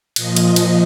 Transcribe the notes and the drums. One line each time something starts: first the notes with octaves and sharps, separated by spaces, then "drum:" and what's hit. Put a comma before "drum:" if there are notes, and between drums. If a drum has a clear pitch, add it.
A#2 F3 D#5, drum: cymbal
drum: cymbal
drum: cymbal